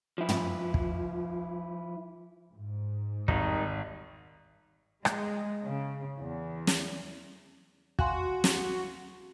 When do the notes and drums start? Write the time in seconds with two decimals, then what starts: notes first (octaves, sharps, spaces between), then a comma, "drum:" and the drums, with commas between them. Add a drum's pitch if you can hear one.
0.18 F3 E4
0.29 drum: tom
0.74 drum: kick
2.54 G#2
3.28 G#1 D#3 G3 D#4, drum: kick
5.05 G#3, drum: rim click
5.63 C#3
6.19 E2
6.67 drum: snare
7.99 F#4 F5 G#5 C6, drum: kick
8.44 drum: snare